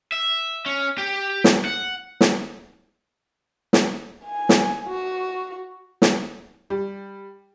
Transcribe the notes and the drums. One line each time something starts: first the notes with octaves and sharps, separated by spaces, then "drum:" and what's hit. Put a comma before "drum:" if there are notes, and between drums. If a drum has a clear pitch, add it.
E5
C#4
G4
drum: snare
F#5
drum: snare
drum: snare
G#5
drum: snare
F#4
drum: snare
G3